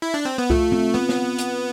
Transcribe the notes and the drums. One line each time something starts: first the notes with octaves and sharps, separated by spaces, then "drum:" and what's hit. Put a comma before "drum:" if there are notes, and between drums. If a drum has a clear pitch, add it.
E4
D4
C4
B3
A3 F4, drum: kick C2
C4
B3 C4
drum: snare
drum: hi-hat